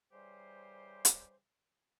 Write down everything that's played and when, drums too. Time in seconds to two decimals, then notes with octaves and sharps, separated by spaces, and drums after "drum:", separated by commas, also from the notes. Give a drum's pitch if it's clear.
0.12 C#3 E3 G3 G4 C5
1.05 drum: hi-hat